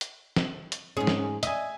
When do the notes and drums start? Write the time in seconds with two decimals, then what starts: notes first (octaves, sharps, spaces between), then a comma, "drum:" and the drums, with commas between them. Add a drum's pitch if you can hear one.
0.01 drum: hi-hat
0.36 drum: snare
0.72 drum: hi-hat
0.97 G#2 C#4 G#4
1.07 drum: snare
1.43 D#5 E5 G#5, drum: hi-hat